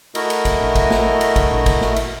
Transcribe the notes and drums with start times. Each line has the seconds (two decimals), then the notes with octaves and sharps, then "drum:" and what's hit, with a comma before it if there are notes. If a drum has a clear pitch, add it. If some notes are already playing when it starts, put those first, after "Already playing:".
0.15 A3 E4 F#4 A#4 D#5, drum: cymbal
0.30 drum: cymbal
0.45 drum: kick G#1, cymbal
0.60 drum: tom A#2
0.75 drum: kick G#1, cymbal
0.91 drum: snare
1.21 drum: cymbal
1.36 drum: kick G#1, cymbal
1.51 drum: tom A#2
1.66 drum: kick G#1, cymbal
1.81 drum: snare
1.96 drum: cymbal